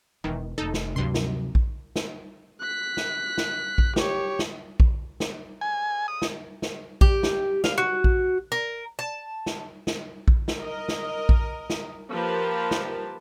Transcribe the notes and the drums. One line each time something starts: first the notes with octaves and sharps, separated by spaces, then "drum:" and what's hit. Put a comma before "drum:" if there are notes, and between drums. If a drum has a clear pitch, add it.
E1 D#3 E3
F1 D#4 A4
drum: snare
D2 G2 C3 F3 F#3 C6
drum: snare
drum: kick A#1
drum: snare
F#6 B6
drum: snare
drum: snare
drum: kick A#1
G4 C#5, drum: snare
drum: snare
drum: kick A#1
drum: snare
G#5
D#6
drum: snare
drum: snare
G4, drum: kick A#1
drum: snare
F5, drum: snare
F#4
drum: kick A#1
A#4
A5
drum: snare
drum: snare
drum: kick A#1
drum: snare
A#4 D#5
drum: snare
drum: kick A#1
drum: snare
F3 A#3 G4 A#4 B4 A5
drum: snare